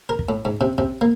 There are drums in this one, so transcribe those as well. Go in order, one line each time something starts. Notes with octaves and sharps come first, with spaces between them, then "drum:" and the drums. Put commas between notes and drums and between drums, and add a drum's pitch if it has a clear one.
A#4
drum: kick
A2
G#2
C3
C3, drum: kick
A#3